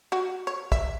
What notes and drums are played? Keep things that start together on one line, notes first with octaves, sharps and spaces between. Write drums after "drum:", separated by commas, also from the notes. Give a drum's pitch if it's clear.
F#4
C#5
E5, drum: kick